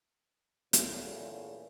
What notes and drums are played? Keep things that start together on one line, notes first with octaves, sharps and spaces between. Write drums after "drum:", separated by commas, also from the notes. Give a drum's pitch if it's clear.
E2 A#2 C#3 A3, drum: hi-hat